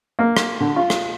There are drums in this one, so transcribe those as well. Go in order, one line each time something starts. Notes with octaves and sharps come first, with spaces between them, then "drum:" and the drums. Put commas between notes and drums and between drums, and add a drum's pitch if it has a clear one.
A#3
drum: rim click
D3
F4
drum: rim click